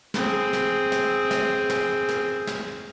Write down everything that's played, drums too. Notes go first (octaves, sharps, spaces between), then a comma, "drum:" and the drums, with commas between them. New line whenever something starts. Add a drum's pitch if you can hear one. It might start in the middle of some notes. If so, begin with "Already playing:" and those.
C4 G#4, drum: snare
drum: snare
drum: snare
drum: snare
drum: snare
drum: snare
drum: snare